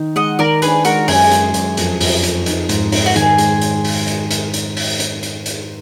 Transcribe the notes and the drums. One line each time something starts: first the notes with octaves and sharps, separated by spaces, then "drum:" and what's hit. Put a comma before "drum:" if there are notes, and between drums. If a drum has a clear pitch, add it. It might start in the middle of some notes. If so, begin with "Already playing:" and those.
Already playing: D#3 D#4
G#3 D#5 F#5
D#3 A#4 D5
D4 G#4 B4, drum: hi-hat
G#3 F#4 A#4, drum: hi-hat
F#2 G#4, drum: open hi-hat
G#3, drum: hi-hat
F#2, drum: hi-hat
F2, drum: hi-hat
F2, drum: open hi-hat
F2, drum: hi-hat
D#4, drum: hi-hat
G#2, drum: hi-hat
D#4, drum: open hi-hat
F#4
D#3 G#4, drum: hi-hat
G#3, drum: hi-hat
drum: hi-hat
drum: open hi-hat
drum: hi-hat
drum: hi-hat
drum: hi-hat
drum: open hi-hat
drum: hi-hat
drum: hi-hat
drum: hi-hat